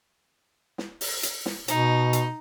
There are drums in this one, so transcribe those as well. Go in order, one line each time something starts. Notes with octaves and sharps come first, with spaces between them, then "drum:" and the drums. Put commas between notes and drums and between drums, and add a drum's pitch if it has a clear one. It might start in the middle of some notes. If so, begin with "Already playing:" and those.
drum: snare
drum: open hi-hat
drum: hi-hat
drum: snare
B2 D#4, drum: hi-hat
drum: hi-hat